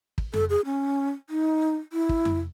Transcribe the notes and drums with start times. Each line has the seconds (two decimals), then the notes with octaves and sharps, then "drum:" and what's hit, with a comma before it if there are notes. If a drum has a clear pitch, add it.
0.18 drum: kick
0.34 A4, drum: tom F2
0.50 G#4
0.65 C#4
1.30 D#4
1.93 E4
2.09 drum: kick
2.25 drum: tom F2